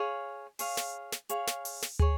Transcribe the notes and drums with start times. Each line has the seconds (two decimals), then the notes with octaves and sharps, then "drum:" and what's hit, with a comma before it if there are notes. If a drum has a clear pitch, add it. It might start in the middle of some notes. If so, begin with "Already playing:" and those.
Already playing: G#4 C#5 F5
0.59 G#4 C#5 F5, drum: open hi-hat
0.77 drum: snare
1.12 drum: snare
1.29 G#4 C#5 F5, drum: hi-hat
1.47 drum: snare
1.65 drum: open hi-hat
1.82 drum: snare
1.99 G#4 C#5, drum: tom